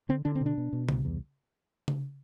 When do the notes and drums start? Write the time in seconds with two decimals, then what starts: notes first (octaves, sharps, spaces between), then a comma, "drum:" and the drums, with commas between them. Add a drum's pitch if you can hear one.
0.09 D3 C4
0.25 D3 D4
0.35 C4
0.41 B2
0.46 D4
0.58 B2
0.73 B2
0.89 C2, drum: tom C#3
1.05 E2
1.88 drum: tom C#3